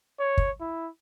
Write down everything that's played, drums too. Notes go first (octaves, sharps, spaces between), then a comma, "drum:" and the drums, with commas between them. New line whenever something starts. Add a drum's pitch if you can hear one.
C#5
drum: kick
E4